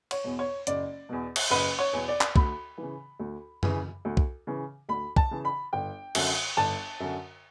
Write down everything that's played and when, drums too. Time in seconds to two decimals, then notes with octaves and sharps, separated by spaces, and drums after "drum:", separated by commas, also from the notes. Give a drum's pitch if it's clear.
0.11 C#5, drum: cymbal
0.24 E2 B2
0.39 C#5
0.67 F#1 D5, drum: hi-hat
1.09 E2 B2
1.36 drum: cymbal
1.51 F#1 B4
1.79 C#5
1.93 E2 B2
2.08 D5
2.21 drum: clap
2.36 D2 B5, drum: kick
2.78 C#3 E3
3.20 D2
3.63 C#3 E3, drum: tom F#2
4.05 D2
4.17 drum: kick
4.47 C#3 E3
4.89 D2 B5
5.16 A5, drum: kick
5.31 C#3 E3
5.45 B5
5.73 G1 G5
6.15 F#2 D3, drum: cymbal
6.57 G1 A5
7.00 F#2 D3